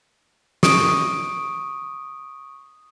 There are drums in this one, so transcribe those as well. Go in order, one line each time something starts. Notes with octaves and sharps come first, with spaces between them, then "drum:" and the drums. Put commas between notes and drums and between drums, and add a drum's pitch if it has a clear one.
C#6 D#6 D7, drum: snare